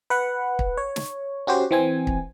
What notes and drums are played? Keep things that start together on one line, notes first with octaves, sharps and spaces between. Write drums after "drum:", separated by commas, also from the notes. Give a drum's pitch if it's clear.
B4 F#5
drum: kick
C#5
drum: snare
C#4 F#4 G4 C5
E3 C4 G#5
drum: kick